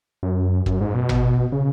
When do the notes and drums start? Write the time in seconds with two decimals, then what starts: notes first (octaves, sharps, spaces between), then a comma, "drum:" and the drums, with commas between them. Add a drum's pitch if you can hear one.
0.23 F#2
0.66 F#2, drum: kick
0.81 G#2
0.94 B2
1.09 drum: tom G#1
1.52 C#3